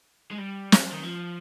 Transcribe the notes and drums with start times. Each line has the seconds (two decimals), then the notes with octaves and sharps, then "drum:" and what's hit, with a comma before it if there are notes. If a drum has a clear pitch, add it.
0.31 G#3
0.38 G3
0.72 drum: snare
0.92 D#3
1.03 F3